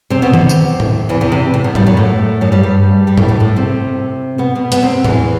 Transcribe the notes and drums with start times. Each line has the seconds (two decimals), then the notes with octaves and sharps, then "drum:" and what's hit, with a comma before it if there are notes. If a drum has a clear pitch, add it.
0.10 C3 C4
0.22 B2 B3
0.34 C3, drum: tom D#3
0.49 drum: tambourine
0.80 drum: tom A2
1.09 E2 E3
1.21 E2 E3
1.32 C3
1.54 A2
1.64 B2
1.75 G2 G3, drum: tom A2
1.86 F#2 F#3
1.97 A2 A3
2.41 F#2 F#3
2.52 G2 G3
2.63 G2 G3
3.07 G2 G3
3.18 A2 A3, drum: tom A2
3.28 A2 A3
3.40 A2 A3
3.56 C3 C4
4.38 B2 B3
4.55 B2 B3
4.72 B2 B3, drum: hi-hat
4.83 C3 C4
5.04 E2 E3, drum: tom A2